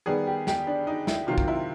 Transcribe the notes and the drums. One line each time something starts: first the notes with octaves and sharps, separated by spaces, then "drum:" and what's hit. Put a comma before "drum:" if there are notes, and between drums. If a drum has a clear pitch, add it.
D#3 G3 B3 G#4
G4
G4, drum: snare
D4
D#4
E4, drum: snare
C3 D#3 F#3 A#3 F4
drum: kick
E4